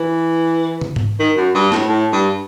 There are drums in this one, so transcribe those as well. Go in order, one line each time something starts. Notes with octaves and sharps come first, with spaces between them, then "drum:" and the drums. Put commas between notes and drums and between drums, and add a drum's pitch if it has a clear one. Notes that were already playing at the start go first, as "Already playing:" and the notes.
Already playing: E3
drum: tom
drum: tom G#2
D#3
F#2
G2
A2, drum: snare
A2
G2